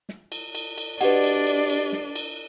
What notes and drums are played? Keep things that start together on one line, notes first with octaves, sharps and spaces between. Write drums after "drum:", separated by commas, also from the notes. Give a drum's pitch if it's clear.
drum: snare
drum: cymbal
drum: cymbal
drum: cymbal
D4 F#4 G4 B4 D5 D#5 F#5, drum: cymbal
drum: cymbal
drum: cymbal
drum: cymbal
drum: snare
drum: cymbal